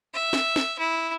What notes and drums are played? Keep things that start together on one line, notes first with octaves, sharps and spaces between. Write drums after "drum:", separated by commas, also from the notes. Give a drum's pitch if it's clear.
E5
drum: snare
drum: snare
E4